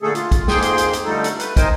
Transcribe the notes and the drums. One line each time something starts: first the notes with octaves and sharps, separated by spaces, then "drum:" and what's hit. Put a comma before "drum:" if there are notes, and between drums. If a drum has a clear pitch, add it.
A#2 D3 A3 G#4 A4
F4, drum: hi-hat
drum: kick, hi-hat
F2 G#2 A#3 G#4 G5 C6, drum: snare
drum: hi-hat
drum: hi-hat
drum: hi-hat
D3 F3 G3 A3 D#4 A4
drum: hi-hat
A3 B4, drum: hi-hat
D#4 A#4 C5 D#5 G5 G#5, drum: kick, hi-hat